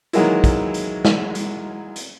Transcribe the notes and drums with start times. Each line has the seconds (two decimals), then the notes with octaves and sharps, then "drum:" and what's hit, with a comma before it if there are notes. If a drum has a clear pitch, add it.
0.13 D#3 E3 F#3 G#3 A#3 E4, drum: hi-hat
0.44 drum: kick, hi-hat
0.74 drum: hi-hat
1.05 drum: snare
1.35 drum: hi-hat
1.96 drum: hi-hat